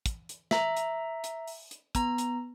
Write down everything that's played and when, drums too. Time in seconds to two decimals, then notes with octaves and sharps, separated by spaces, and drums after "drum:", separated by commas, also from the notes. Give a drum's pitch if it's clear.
0.06 drum: kick, hi-hat
0.29 drum: hi-hat
0.51 E5 A#5, drum: snare
0.76 drum: hi-hat
1.24 drum: hi-hat
1.47 drum: open hi-hat
1.71 drum: hi-hat
1.95 B3 A#5, drum: kick, hi-hat
2.18 drum: hi-hat